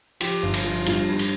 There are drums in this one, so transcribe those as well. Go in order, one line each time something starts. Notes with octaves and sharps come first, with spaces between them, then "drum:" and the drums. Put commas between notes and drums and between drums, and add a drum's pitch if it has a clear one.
F3 G4, drum: cymbal
G1
drum: cymbal
F3
G2 F4, drum: cymbal
G2
drum: cymbal